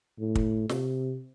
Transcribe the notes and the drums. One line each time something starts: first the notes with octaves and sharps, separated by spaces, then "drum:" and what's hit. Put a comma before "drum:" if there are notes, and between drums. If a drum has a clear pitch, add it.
A2
drum: kick
C3, drum: snare